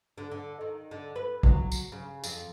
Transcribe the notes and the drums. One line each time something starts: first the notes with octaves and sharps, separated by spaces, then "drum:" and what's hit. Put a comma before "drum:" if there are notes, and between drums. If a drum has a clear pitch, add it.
D3
D3
D#3
D3
B4
F#3, drum: kick
drum: tambourine
C#3
F2, drum: tambourine